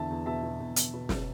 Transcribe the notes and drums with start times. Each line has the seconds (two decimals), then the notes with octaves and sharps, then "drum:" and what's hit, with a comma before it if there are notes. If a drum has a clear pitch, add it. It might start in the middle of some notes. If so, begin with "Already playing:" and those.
Already playing: E2 D3 E5 A5
0.10 E2
0.26 B2 E5 A5
0.43 B2
0.60 E2
0.76 E2, drum: hi-hat
0.94 B2
1.09 B2, drum: snare